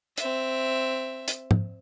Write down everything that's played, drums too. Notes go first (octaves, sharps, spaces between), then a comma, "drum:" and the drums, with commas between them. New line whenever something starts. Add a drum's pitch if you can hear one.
C4 E5, drum: hi-hat
drum: hi-hat
drum: tom G#2